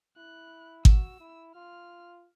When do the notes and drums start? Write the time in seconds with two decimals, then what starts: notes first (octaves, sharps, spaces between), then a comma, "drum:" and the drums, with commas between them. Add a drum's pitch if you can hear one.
0.17 E4 F#6
0.85 F#4 E6, drum: kick G#1
1.20 E4
1.55 F4 F6